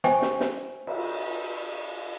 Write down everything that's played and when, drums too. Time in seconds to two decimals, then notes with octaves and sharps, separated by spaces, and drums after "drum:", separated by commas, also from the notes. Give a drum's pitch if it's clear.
0.04 C5 G5 G#5 C#6, drum: rim click
0.22 drum: snare
0.40 drum: snare
0.87 drum: cymbal